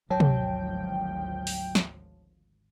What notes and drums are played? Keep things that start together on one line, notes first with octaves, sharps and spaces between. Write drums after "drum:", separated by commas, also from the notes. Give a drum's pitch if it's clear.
G#1 D2 F3 F#3 C#5 G5 A5
drum: tom
drum: open hi-hat
drum: snare